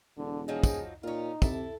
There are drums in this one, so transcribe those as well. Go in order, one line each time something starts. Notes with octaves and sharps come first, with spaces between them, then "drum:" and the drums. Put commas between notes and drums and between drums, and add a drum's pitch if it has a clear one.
E1 D3
F3 F#3 D#4 G#4
drum: kick, tambourine
A#2 C#4 D#4 F4
C3 E4 A4, drum: kick, tambourine